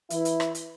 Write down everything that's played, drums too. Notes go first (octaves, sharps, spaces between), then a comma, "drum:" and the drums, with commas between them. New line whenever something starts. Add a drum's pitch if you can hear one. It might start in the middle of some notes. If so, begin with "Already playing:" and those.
E3 E4, drum: hi-hat
drum: hi-hat
drum: rim click
drum: hi-hat